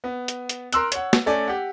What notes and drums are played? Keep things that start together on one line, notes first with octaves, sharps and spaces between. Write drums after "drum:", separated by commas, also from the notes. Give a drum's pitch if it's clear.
B3
drum: hi-hat
drum: hi-hat
A#4 C6 E6 F#6, drum: hi-hat
C#5 F#5, drum: hi-hat
drum: snare
A3 C#4 D5 G#5
G4 F#5